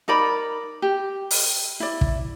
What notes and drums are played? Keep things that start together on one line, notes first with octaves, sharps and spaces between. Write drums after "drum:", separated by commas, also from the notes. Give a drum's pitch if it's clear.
D#4 A#4 D5 B5
G4
drum: open hi-hat
E4 D5
drum: kick